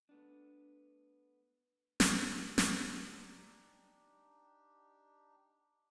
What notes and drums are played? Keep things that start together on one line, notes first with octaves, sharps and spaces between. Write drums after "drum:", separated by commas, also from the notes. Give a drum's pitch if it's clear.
A3 B3 D4
C#6, drum: snare
drum: snare
D4 D#4 G4